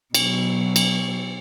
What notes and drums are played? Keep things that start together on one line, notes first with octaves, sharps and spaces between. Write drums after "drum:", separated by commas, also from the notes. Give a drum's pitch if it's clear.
B2 F#3, drum: cymbal
drum: cymbal